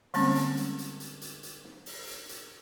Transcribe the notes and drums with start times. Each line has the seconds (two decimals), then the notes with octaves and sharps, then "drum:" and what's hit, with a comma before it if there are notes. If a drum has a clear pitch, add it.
0.14 D3 G3 G#3 A#3 C4 C#4, drum: open hi-hat
0.35 drum: hi-hat
0.57 drum: hi-hat
0.78 drum: hi-hat
1.00 drum: hi-hat
1.21 drum: hi-hat
1.43 drum: hi-hat
1.64 drum: snare
1.86 drum: open hi-hat
2.07 drum: hi-hat
2.29 drum: hi-hat